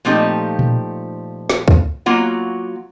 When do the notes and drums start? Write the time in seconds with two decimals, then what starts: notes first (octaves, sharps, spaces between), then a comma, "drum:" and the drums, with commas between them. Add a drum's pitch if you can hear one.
0.05 A#2 F3 A3 C4 D#4 G4
0.59 drum: tom A#2
1.50 drum: snare
1.68 drum: kick C#2
2.06 F#3 A#3 F4 F#5